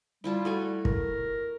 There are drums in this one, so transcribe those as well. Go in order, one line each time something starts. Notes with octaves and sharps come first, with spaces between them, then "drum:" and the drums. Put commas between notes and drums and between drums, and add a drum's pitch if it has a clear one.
G3 E4 F4 A5
A3 F#4 G#5
A#4, drum: kick